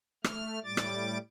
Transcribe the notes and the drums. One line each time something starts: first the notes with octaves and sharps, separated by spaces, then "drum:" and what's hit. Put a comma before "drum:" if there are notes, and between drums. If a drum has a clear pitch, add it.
A3 F6, drum: rim click
A2 G3 D6 A6
drum: rim click